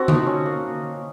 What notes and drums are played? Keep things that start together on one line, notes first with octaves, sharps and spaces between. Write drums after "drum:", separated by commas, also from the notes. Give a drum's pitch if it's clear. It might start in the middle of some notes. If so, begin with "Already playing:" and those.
Already playing: C4 F#4 A4
D#4, drum: tom D3
C#4
A#3